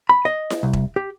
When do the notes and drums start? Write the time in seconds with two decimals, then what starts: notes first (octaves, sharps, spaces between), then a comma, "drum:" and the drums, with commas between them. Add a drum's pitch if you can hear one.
0.09 B5
0.25 D#5
0.50 drum: snare E4
0.63 C2
0.73 drum: kick E1
0.96 G4